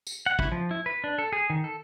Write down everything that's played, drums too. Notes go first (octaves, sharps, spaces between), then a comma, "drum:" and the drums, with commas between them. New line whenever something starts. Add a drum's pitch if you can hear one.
drum: tambourine
F#5
E4, drum: kick
F3
E4
B4
D4
A4
G#4
D#3
A4